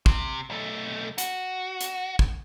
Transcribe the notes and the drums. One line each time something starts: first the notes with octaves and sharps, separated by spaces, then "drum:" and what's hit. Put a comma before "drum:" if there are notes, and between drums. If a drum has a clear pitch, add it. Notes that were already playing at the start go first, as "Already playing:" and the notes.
C3, drum: kick
B1 A3
F#4, drum: hi-hat
drum: hi-hat
drum: kick